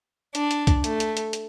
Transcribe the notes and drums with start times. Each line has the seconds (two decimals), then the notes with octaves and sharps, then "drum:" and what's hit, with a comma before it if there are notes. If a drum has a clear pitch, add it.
0.35 D4, drum: hi-hat
0.51 drum: hi-hat
0.67 drum: kick C2, hi-hat
0.84 A3, drum: hi-hat
1.00 drum: hi-hat
1.17 drum: hi-hat
1.33 drum: hi-hat